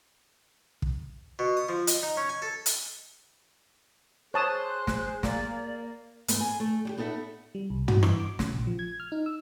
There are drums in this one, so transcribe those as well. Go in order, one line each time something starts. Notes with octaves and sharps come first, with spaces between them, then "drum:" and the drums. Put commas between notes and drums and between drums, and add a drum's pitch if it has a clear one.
drum: kick
B2
D#6
F3
D#5, drum: hi-hat
D#4
C#4
G#5
A4
drum: hi-hat
G#4 C5 C#5 A5 D#6 F#6
drum: snare
A#3 D5, drum: snare
E2 G#2 A3 B3, drum: hi-hat
G#5
A3
G3 G4
B3 D#4 A4 D5 E5 F#5
G3
C2
F#4, drum: tom
E3, drum: rim click
D6
C#3, drum: snare
A#1
F3
G#6
F6
D#4
E6